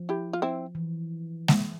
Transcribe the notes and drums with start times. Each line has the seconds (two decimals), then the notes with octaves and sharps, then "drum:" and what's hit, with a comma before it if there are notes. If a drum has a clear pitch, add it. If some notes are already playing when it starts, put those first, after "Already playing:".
Already playing: F3
0.09 E4 G4
0.33 F4
0.42 C4 E4
0.75 E3
1.48 drum: snare G#3